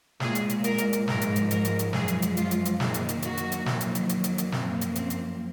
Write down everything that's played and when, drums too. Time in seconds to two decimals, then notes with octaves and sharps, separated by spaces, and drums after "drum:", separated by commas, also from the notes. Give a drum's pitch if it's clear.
0.20 A#2 G#3 G#4, drum: snare
0.35 drum: hi-hat
0.50 drum: hi-hat
0.64 A#4, drum: hi-hat
0.78 drum: hi-hat
0.93 drum: hi-hat
1.08 G#2 F3 G#3 A#4, drum: snare
1.21 drum: hi-hat
1.36 drum: hi-hat
1.51 A#4, drum: hi-hat
1.65 drum: hi-hat
1.79 drum: hi-hat
1.93 F#2 F3 G#3 G#4, drum: snare
2.08 drum: hi-hat
2.22 drum: hi-hat
2.37 F4, drum: hi-hat
2.51 drum: hi-hat
2.65 drum: hi-hat
2.80 F#2 D#3 A#3 G#4, drum: snare
2.94 drum: hi-hat
3.09 drum: hi-hat
3.22 F#4, drum: hi-hat
3.37 drum: hi-hat
3.52 drum: hi-hat
3.66 F2 D#3 F#3 A#3, drum: snare
3.81 drum: hi-hat
3.95 drum: hi-hat
4.09 drum: hi-hat
4.24 drum: hi-hat
4.38 drum: hi-hat
4.52 F#2 F3 A#3 C4, drum: snare
4.81 drum: hi-hat
4.96 C4, drum: hi-hat
5.10 drum: hi-hat